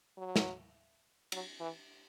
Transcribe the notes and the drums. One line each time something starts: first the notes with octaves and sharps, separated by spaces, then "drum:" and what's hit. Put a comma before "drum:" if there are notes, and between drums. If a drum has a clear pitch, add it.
F#3
drum: snare
F#3, drum: cymbal
E3